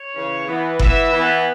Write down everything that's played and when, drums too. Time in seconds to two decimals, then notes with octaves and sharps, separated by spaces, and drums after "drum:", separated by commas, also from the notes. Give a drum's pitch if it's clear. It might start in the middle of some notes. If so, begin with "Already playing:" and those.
Already playing: C#5
0.13 C#3 E3 C#4
0.47 E3 B3
0.79 E3 B3 E5, drum: kick F#1
1.13 E3 B3